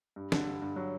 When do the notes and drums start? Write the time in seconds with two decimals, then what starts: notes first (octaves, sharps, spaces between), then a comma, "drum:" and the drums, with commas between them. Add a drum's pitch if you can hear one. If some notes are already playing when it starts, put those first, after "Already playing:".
0.16 G2
0.32 D3, drum: snare
0.46 G2
0.62 G2
0.76 F#3